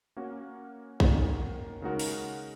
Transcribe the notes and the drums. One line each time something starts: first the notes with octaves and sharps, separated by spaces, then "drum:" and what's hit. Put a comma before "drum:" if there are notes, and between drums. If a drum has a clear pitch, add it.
A#3 C#4 F#4
D#3 A#3 C#4 F#4, drum: kick A#1
C#3 G#3 D#4 F#4 A#4
drum: open hi-hat